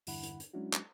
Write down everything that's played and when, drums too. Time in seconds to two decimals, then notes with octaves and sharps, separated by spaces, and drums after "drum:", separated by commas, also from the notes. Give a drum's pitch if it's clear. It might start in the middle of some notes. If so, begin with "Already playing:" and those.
0.07 E2 G2 D3 E4 F#5 B5, drum: open hi-hat
0.23 drum: hi-hat
0.40 drum: hi-hat
0.53 F#3 G#3 C#4 D4 E4 F#4
0.73 drum: clap